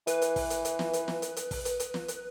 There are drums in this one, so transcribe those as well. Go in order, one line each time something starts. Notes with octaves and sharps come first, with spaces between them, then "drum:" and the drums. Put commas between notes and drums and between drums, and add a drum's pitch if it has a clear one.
E3 B4, drum: hi-hat
drum: hi-hat
drum: kick, open hi-hat
drum: hi-hat
drum: hi-hat
drum: snare
drum: hi-hat
drum: snare
drum: hi-hat
drum: hi-hat
drum: kick, open hi-hat
drum: hi-hat
drum: hi-hat
drum: snare
drum: hi-hat